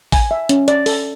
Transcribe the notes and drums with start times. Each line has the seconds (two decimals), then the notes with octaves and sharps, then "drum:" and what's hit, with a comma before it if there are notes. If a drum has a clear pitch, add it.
0.12 G#5, drum: kick, open hi-hat
0.31 E5
0.49 C#4, drum: hi-hat
0.68 D5, drum: hi-hat
0.86 A4, drum: open hi-hat